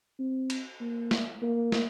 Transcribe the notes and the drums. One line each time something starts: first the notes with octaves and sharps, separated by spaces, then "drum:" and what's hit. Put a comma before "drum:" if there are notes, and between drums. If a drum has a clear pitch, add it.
C4
drum: cymbal
A#3
drum: snare
A#3
drum: snare